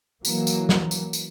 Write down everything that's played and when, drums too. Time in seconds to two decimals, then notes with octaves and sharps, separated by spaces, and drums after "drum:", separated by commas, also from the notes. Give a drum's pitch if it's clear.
0.25 E3 F#3 A#3, drum: tambourine
0.47 drum: tambourine
0.69 drum: snare
0.91 drum: tambourine
1.13 drum: tambourine